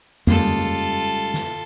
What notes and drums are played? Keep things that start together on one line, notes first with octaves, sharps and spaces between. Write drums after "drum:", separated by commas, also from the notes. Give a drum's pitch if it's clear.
C#3 G3 G#3 A#3 F4 A4, drum: tom F2
drum: snare